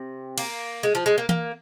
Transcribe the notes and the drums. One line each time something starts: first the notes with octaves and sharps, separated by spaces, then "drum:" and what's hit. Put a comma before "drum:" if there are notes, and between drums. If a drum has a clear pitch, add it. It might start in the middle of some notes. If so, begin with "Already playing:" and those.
Already playing: C3
A#3, drum: cymbal
G#3
F3
G#3
A#3
A#3, drum: tom E3